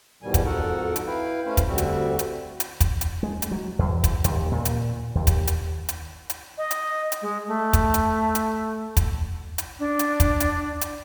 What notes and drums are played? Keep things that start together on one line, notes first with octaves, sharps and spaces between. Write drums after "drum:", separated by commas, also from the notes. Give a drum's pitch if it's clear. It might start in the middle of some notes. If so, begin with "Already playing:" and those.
E2 G#2 B2 D#3 G3 G#5
drum: kick, hi-hat
F2 G#2 F#4 A4 A#4 F#5
drum: hi-hat
E4 B4 F5 G5
A3 C#4 B4 C5 F5
drum: kick, hi-hat
D2 D3 G3 C4 F#4 E5
drum: hi-hat
drum: hi-hat
drum: hi-hat
drum: kick, hi-hat
drum: hi-hat
G#3
drum: hi-hat
F#3
E2
drum: kick, hi-hat
D#2, drum: hi-hat
A#2
drum: hi-hat
D#2
drum: kick, hi-hat
drum: hi-hat
drum: hi-hat
drum: hi-hat
D#5
drum: hi-hat
drum: hi-hat
G#3
A3
drum: kick, hi-hat
drum: hi-hat
drum: hi-hat
drum: kick, hi-hat
drum: hi-hat
D4
drum: hi-hat
drum: kick, hi-hat
drum: hi-hat
drum: hi-hat